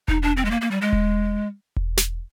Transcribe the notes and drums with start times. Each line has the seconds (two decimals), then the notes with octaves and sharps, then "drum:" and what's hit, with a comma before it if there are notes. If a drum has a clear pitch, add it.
0.08 D#4, drum: kick E1
0.22 D4
0.37 C4
0.45 G#3
0.51 A#3
0.61 A#3
0.71 G3
0.81 G#3
0.92 drum: kick E1
1.76 drum: kick E1
1.97 drum: snare